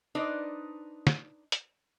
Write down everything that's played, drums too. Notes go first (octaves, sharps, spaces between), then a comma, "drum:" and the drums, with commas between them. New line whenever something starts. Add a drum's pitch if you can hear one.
D4 D#4 B4 C5 D5 D#5
drum: snare
drum: hi-hat